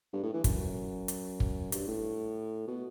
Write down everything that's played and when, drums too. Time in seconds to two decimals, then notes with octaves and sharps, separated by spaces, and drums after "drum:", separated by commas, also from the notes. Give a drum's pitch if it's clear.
0.13 G2
0.23 A2
0.34 E3
0.44 F#2, drum: kick, hi-hat
1.08 drum: hi-hat
1.40 drum: kick
1.72 G2, drum: hi-hat
1.88 A2
2.67 B2